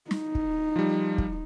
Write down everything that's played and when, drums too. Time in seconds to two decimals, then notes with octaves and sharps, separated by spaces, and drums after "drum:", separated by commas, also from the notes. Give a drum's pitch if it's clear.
0.11 D#4, drum: snare
0.35 drum: kick
0.76 F3 G3
1.18 drum: kick